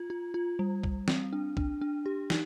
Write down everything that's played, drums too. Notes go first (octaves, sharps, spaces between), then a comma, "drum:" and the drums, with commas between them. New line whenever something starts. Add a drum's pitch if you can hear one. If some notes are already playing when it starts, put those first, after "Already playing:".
Already playing: F4
F4
F4
G3
G3, drum: kick
C4, drum: snare
D4
D4, drum: kick
D4
G4
D#4, drum: snare